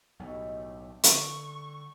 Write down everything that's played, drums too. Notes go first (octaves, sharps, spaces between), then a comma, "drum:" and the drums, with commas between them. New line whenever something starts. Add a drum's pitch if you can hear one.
B1 A2 D#3 G3 A3
D3 C#6, drum: hi-hat